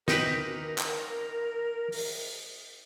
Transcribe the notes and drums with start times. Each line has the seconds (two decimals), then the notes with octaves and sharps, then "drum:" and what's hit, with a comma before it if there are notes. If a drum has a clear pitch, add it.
0.08 D#4 G4 A#4 B4, drum: snare
0.78 drum: clap
1.92 drum: open hi-hat